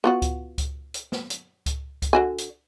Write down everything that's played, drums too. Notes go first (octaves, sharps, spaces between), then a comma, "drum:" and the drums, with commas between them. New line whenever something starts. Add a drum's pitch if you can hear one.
B3 F4 F#4
drum: kick C#2, hi-hat
drum: kick C#2, hi-hat
drum: hi-hat
drum: snare
drum: hi-hat
drum: kick C#2, hi-hat
drum: kick C#2, hi-hat
D3 F#4 G#5
drum: hi-hat